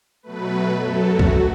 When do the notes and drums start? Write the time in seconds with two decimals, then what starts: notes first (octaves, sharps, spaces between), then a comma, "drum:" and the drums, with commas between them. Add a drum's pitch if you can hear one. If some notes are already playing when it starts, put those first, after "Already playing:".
0.23 B2 F#3 A3 B4
0.79 F#2 F#3 A3 A4
1.08 F#4
1.19 drum: kick B1